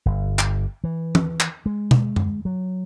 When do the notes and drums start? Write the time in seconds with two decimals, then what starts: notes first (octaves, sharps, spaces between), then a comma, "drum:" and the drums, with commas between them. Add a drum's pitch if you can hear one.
0.06 G1
0.39 drum: clap
0.84 E3
1.15 drum: tom E3
1.40 drum: clap
1.66 G#3
1.91 drum: tom B2
2.16 drum: tom F#2
2.45 F#3